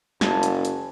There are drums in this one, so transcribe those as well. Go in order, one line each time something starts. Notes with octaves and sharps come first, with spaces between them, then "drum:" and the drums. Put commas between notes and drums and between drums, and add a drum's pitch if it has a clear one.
F#1 G#5 A5, drum: snare
drum: hi-hat
drum: hi-hat